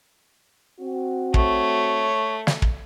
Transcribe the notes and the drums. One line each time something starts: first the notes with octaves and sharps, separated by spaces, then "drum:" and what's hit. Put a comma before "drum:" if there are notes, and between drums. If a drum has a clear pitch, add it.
C4 F#4
A3 C#5, drum: kick
drum: snare
drum: kick